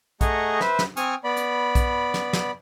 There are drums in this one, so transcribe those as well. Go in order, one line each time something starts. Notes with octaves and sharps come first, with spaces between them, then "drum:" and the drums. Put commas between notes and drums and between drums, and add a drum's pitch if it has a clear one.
A3 G#4 D#5 F#5 A#5 C#6, drum: kick A#1, hi-hat
B4 C5 E5, drum: snare
drum: snare
C4 G#5 C#6 D#6 F6, drum: hi-hat
B3 D5 B5
drum: hi-hat
drum: kick A#1, hi-hat
drum: snare
drum: snare